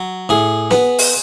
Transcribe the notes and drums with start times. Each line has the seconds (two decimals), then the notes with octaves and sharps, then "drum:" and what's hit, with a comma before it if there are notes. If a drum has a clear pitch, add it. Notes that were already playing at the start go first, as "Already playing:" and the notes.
Already playing: F#3
0.29 A2 G#4
0.71 B3, drum: snare
0.99 drum: open hi-hat